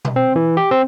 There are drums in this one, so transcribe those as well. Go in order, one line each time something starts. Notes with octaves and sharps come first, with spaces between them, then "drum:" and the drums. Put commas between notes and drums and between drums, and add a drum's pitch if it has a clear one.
drum: tom B2
C4
E3
G4
C4